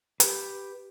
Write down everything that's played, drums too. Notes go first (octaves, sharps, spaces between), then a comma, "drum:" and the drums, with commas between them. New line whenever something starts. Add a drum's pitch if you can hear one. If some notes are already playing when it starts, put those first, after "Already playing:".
G4 B4, drum: hi-hat